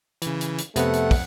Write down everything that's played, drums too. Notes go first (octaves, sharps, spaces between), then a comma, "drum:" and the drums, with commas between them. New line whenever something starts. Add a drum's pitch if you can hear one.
C#3 E3, drum: hi-hat
drum: hi-hat
drum: hi-hat
F2 C3 A3 B3 F#5, drum: hi-hat
drum: hi-hat
drum: kick, open hi-hat